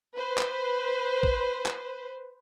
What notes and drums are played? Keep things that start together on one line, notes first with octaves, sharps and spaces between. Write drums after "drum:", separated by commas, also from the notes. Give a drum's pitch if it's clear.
B4 C5
drum: clap
drum: kick
drum: clap